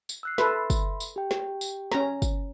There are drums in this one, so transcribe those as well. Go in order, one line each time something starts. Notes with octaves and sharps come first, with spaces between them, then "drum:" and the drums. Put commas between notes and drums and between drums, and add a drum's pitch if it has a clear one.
drum: tambourine
E6 F#6 C7
A4 B4 E5 B5 C6, drum: snare
drum: kick, tambourine
drum: tambourine
G4 G5
drum: snare
drum: tambourine
C#4 A#5, drum: snare
drum: kick, tambourine